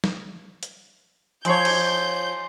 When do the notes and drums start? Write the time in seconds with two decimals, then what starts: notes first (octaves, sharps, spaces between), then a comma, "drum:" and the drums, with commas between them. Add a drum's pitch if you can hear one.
0.04 drum: snare
0.63 drum: hi-hat
1.45 F3 C#5 G#5 C6 G6 C7, drum: hi-hat
1.65 drum: cymbal